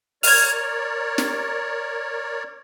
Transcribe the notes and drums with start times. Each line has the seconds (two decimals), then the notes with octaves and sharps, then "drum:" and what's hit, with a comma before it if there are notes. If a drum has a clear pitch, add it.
0.23 A#4 C#5 D5 F6 G#6, drum: open hi-hat
1.18 drum: snare